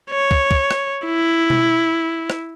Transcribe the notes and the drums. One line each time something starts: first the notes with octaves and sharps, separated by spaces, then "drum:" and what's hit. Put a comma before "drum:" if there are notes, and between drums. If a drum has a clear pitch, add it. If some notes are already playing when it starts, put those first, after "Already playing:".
C#5
drum: kick
drum: kick
drum: rim click
E4
drum: tom B2
drum: rim click